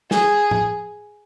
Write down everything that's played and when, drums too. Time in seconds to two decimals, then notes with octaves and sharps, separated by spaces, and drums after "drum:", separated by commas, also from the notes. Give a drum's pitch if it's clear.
0.11 G#4, drum: snare
0.51 drum: tom